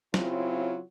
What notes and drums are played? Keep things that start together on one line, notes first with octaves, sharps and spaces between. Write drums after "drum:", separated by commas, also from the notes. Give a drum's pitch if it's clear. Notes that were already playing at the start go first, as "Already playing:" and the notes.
C#3 F#3 C4 E4 F4, drum: snare